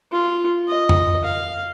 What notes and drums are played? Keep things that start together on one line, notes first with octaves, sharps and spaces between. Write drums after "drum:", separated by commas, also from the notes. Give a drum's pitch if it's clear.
F4
D#5
drum: tom F2
F5